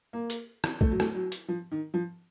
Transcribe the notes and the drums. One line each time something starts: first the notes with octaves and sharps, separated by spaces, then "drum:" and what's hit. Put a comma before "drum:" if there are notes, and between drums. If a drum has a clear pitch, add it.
A#3
drum: hi-hat
drum: rim click
A3, drum: kick
F#3
A3, drum: rim click
F#3
drum: hi-hat
F3
D#3
F3